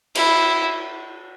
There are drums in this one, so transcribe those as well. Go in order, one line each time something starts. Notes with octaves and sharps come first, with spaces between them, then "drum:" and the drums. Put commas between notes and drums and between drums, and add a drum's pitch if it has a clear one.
E4, drum: cymbal